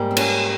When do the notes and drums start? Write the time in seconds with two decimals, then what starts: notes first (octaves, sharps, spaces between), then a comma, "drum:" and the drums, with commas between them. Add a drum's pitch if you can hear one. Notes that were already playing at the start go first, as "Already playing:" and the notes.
Already playing: G#2 G3 A#3
0.11 C4
0.17 C#4, drum: cymbal